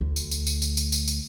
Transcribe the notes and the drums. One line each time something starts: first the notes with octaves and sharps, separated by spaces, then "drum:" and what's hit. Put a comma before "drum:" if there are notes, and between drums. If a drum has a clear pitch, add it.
D2
drum: tambourine
drum: tambourine
drum: tambourine
drum: tambourine
drum: tambourine
drum: tambourine
drum: tambourine